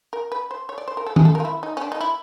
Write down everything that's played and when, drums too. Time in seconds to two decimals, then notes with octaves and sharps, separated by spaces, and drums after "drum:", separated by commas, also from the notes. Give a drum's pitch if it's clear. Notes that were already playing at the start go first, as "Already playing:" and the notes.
0.13 A#4
0.32 B4
0.51 C5
0.69 C#5
0.78 D5
0.88 C5
0.97 A#4
1.06 A4
1.16 G#4, drum: tom D#3
1.25 A4
1.35 A#4
1.40 F4
1.45 E4
1.63 D#4
1.77 C#4
1.81 D4
1.92 D#4
2.01 E4